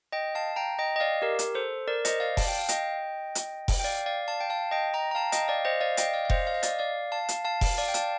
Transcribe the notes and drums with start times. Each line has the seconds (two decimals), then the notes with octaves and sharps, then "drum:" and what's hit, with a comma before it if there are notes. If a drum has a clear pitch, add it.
0.12 D#5 G5
0.35 F5 A5
0.56 G5 A#5
0.79 D#5 G5
0.96 D#5
1.00 D5 F5
1.22 G4 A#4
1.39 drum: hi-hat
1.55 A4 C5
1.88 A#4 D5
2.05 C5 D#5, drum: hi-hat
2.20 D5 F5
2.37 A5, drum: kick F1, open hi-hat
2.48 G5
2.59 F5
2.69 D#5 G5, drum: hi-hat
3.35 drum: hi-hat
3.68 drum: kick F1, open hi-hat
3.80 G5
3.84 D5 F5
4.06 D5 F5
4.28 F5 A5
4.41 G5
4.50 F5 A5
4.71 D#5 G5
4.94 G5 A#5
5.11 A#5
5.15 F5 A5
5.32 D#5 G5, drum: hi-hat
5.48 D5 F5
5.65 C5 D#5
5.80 D5 F5
5.97 D#5 G5, drum: hi-hat
6.14 D5 F5
6.25 F5
6.30 C5 D#5, drum: kick F1
6.47 F5
6.54 D#5
6.63 D5 F5, drum: hi-hat
6.79 D5 F5
7.12 F5 A5
7.29 drum: hi-hat
7.45 F5 A5
7.61 drum: kick F1, open hi-hat
7.78 D5 F5
7.88 G5
7.94 F5 A5, drum: hi-hat